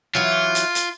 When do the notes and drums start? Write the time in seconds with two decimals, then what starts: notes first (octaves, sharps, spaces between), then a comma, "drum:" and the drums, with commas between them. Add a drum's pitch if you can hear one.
0.15 E3 F#3 F4
0.55 drum: hi-hat
0.75 drum: hi-hat